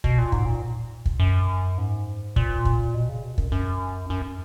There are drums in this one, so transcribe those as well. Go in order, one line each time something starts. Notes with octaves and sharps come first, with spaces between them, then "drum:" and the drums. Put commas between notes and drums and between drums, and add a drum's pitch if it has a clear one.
B2, drum: kick
A#2
G#2, drum: kick
A#2
drum: kick
F#2
G#2
A#2, drum: kick
drum: kick
B2
C#3
B2
F#2, drum: kick
F#2
F#2